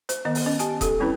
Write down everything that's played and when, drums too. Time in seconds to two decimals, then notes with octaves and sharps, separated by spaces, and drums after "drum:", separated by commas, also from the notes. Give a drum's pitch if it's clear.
0.09 C5, drum: hi-hat
0.25 D#3 B3 D#5
0.35 drum: open hi-hat
0.46 C#4 D#5
0.59 G4 G#5 A5, drum: hi-hat
0.81 G4 A4, drum: kick D#1, hi-hat
1.00 G3 C4 C#4 E4 B4